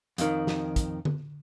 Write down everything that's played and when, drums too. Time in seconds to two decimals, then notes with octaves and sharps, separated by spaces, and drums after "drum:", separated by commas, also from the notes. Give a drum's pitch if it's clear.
0.18 F2 D#3, drum: hi-hat
0.47 drum: snare
0.76 drum: kick, hi-hat
1.05 drum: tom D3